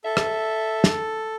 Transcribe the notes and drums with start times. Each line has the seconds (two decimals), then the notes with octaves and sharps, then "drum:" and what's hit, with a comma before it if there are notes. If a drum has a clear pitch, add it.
0.05 A4 E5
0.17 drum: rim click
0.84 drum: snare